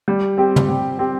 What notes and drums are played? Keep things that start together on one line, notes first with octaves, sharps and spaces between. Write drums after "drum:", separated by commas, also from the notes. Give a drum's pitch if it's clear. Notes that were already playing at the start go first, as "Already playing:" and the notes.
G3
C4 G4
drum: tom
G3
C4 G4